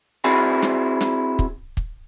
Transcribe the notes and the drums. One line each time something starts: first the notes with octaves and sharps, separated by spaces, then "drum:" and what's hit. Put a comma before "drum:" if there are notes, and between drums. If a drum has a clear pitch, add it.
C4 E4 F#4 G#4
drum: snare
drum: snare
drum: kick
drum: kick